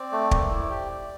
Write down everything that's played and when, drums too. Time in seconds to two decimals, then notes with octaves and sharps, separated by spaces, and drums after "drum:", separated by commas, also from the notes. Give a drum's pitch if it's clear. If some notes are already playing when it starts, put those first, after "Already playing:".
Already playing: C4 D5
0.12 A3
0.31 A#3, drum: kick
0.50 E4
0.70 G4